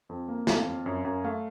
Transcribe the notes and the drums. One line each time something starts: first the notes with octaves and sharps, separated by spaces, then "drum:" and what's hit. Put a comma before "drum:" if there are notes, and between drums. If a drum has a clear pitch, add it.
F2
A#3
F2 F5, drum: snare
F2
F#2
F#2
A3 F5